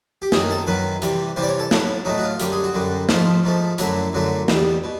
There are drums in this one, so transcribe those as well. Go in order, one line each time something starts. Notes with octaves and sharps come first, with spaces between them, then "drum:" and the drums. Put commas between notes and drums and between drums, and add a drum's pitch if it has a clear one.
G4
F#2 D#3 F#3 G#4, drum: snare
A4
F#2 D#3 F#3 B4
C3 E3 G3, drum: hi-hat
C3 E3 G3 C5
D5
C#5
A4
A2 F#3 A3, drum: snare
A2 F#3 A3 D#4
F#4
F4
F#2 D3 G3 G4, drum: hi-hat
G#4
F#4
F#2 D3 G3
G#2 F3 A3 F4, drum: snare
G#2 F3 A3
F#2 D3 F#3 A3 E4, drum: hi-hat
F#2 D3 F#3 A3
E2 B2 G3, drum: snare
B2